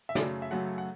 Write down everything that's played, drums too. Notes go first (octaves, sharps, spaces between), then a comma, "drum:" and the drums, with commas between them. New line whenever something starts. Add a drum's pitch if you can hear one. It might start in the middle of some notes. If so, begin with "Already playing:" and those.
E5
F#2 C#3 F#3 A3 D5, drum: snare
E5
F#2 C#3 F#3 A3 F#5
F#5